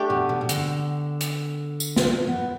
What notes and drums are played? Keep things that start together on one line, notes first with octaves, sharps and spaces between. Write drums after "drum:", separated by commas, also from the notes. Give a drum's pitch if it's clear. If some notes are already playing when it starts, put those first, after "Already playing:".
Already playing: A3 D4 G4
B2
B2
B2
D3, drum: hi-hat
drum: hi-hat
drum: tambourine
drum: snare
B3